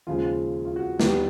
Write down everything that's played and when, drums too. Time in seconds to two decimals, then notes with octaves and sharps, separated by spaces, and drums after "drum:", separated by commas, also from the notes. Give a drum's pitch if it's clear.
0.07 D#2 C#3 F3 G#3 F4
0.65 F4
0.76 F#4
1.00 D#2 D#3 G3 B3 G4, drum: snare